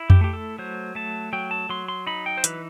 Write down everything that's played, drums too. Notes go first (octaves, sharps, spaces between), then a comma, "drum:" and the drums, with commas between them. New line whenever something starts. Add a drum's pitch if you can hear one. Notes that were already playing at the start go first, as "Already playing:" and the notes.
Already playing: E4
G4, drum: tom F2
A3 G4
A4
F#3 C5
A3 A5
F#3 G5
A5
F#3 C6
C6
D#4 B5
G5
C5
E3 B4, drum: hi-hat